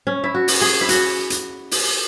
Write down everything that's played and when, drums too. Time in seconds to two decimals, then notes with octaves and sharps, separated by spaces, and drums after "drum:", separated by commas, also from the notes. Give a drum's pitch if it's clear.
0.07 C#4
0.24 E4
0.35 F#4
0.48 drum: open hi-hat
0.61 G#4
0.81 E4
0.89 F#4, drum: hi-hat
1.30 drum: hi-hat
1.71 drum: open hi-hat